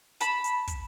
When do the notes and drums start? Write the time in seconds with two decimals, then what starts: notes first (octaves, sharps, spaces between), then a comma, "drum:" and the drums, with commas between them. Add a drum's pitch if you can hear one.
0.21 A5 B5, drum: hi-hat
0.44 drum: hi-hat
0.68 drum: kick, hi-hat